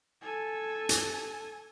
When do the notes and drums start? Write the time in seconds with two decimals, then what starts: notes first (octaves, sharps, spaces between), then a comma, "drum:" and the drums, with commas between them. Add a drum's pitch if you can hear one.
0.21 A4 G#5
0.89 drum: hi-hat